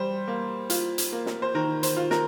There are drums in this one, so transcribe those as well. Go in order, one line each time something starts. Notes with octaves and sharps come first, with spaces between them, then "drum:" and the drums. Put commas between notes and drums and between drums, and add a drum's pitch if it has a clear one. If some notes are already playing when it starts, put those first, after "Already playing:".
Already playing: G3 C5
A#3
F4, drum: hi-hat
drum: hi-hat
A#3
drum: snare
C5
D#3 A#4
C5, drum: hi-hat
F4
A#4, drum: snare